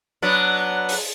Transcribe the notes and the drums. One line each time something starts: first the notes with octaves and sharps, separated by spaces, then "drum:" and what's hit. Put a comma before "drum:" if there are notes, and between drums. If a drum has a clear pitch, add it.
F#3 B3 D4
drum: open hi-hat